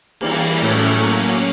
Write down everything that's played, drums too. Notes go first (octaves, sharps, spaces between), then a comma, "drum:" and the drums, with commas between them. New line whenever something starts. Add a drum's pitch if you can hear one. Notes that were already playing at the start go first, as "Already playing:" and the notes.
E3 G3 A#3, drum: cymbal
A2 F#3 A3 C#4
F#3 A#3 C#4